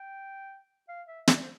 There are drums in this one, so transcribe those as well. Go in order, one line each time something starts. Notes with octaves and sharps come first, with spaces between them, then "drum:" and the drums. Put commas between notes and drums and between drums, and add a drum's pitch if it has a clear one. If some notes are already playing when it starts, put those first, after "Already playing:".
Already playing: G5
F5
E5
E5, drum: snare
D5
C5